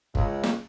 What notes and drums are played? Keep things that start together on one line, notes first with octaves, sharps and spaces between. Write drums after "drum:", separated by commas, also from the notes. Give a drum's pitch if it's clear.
C#2, drum: kick
drum: snare